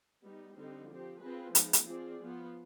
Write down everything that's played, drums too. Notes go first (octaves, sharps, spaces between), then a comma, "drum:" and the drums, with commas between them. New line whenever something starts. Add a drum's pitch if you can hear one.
G3 B3 D#4
D3 G3 C4 D#4
F3 C4 G4
C4 F4 G#4 B4
F3 G#3 B3 D#4, drum: hi-hat
drum: hi-hat
F3 C4 F4 G#4 D5
F3 B3 F4